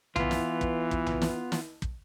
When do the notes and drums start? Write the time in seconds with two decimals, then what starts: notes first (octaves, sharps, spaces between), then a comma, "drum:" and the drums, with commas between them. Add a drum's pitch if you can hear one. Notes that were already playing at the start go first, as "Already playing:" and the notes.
0.16 E3 B3 F4, drum: tom B1
0.31 drum: snare
0.61 drum: kick
0.91 drum: kick
1.06 drum: tom B1
1.22 drum: snare
1.52 drum: snare
1.82 drum: kick